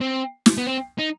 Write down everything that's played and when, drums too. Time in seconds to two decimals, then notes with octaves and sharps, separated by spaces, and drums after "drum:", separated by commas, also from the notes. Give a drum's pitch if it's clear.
0.01 C4
0.46 drum: snare
0.57 B3
0.67 C4
0.99 D#4